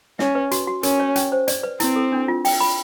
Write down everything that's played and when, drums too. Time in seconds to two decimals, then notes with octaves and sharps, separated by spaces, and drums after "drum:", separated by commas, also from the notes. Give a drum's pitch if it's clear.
0.19 C#4 E5, drum: snare
0.35 B4
0.51 F#4, drum: hi-hat
0.67 F#4
0.83 C#4 A#4, drum: hi-hat
1.00 C#5
1.16 C#4, drum: hi-hat
1.32 C5
1.48 D5, drum: hi-hat
1.63 B4
1.80 C4 E4, drum: hi-hat
1.96 A4
2.12 D4
2.28 F4
2.45 G5, drum: open hi-hat
2.60 B5